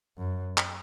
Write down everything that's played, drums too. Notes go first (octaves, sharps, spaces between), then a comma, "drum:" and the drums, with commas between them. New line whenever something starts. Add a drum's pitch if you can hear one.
F#2
drum: clap